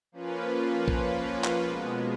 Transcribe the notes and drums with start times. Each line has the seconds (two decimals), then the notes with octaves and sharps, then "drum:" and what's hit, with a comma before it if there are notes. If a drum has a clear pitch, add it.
0.12 F3 A#3 C#4 F4 B4
0.88 drum: kick
1.44 drum: clap
1.62 B2 G#3 B3